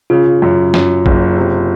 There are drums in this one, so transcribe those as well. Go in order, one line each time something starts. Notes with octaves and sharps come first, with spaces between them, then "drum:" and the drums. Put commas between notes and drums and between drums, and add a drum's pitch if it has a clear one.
C#3 F4
F#2
F#2, drum: snare
F#1, drum: kick
C3